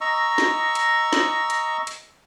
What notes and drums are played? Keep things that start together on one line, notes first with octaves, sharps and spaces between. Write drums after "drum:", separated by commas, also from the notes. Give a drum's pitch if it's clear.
D#5 A#5 C#6 E6
drum: snare
drum: hi-hat
drum: snare
drum: hi-hat
drum: hi-hat